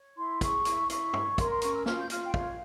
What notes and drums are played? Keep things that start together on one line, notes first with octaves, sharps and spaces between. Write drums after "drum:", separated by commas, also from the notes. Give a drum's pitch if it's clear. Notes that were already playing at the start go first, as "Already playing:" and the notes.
Already playing: C#5
E4 C6
G#4 C#6, drum: kick, hi-hat
E4, drum: hi-hat
E4 C#6, drum: hi-hat
C#5, drum: tom
A#4 C6, drum: kick, hi-hat
C6
C#4 C#6, drum: hi-hat
E6
F4 F6, drum: snare
G6
F4 F6, drum: hi-hat
G5
C#5 F5, drum: kick